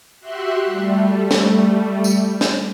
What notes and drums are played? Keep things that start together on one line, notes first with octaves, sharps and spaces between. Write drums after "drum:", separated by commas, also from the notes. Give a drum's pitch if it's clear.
F#4 G4 E5 C6 F#6
G3 A3
drum: snare
drum: tambourine
drum: snare